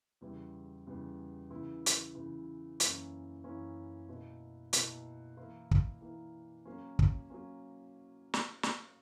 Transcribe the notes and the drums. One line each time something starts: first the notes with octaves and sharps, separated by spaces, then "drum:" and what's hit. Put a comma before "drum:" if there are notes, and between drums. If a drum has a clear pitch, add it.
E2 C#3 G3 B3 E4
E2 C#3 G3 B3 E4
C#3 E3 B3 E4
drum: hi-hat
C#3 E3 B3 E4
F#2 E3 A#3 C#4 E4, drum: hi-hat
F#2 E3 A#3 C#4 E4
B2 A#3 E4
B2 A#3 E4, drum: hi-hat
E3 A#3 E4 A#4
drum: kick
E3 A#3 E4 A#4
F#3 A#3 C#4
drum: kick
F#3 A#3 C#4
drum: snare
drum: snare